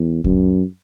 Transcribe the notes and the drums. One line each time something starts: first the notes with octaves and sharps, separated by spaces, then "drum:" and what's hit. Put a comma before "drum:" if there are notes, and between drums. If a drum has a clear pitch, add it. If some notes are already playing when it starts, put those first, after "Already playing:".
Already playing: E2
F#2, drum: kick C#2